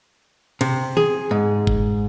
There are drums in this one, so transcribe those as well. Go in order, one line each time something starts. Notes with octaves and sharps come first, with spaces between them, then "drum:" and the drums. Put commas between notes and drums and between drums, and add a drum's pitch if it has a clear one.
C3, drum: cymbal
G#4, drum: tom
G#2
drum: kick G1